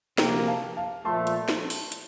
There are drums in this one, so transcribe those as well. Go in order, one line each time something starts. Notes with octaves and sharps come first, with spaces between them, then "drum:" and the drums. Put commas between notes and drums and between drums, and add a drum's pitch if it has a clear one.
D2 C3 F3 A#3 G5 A#5, drum: snare
F5 A5
F5 A5
A#2 F3 A3 A5 C6
drum: hi-hat
drum: snare
drum: open hi-hat
drum: hi-hat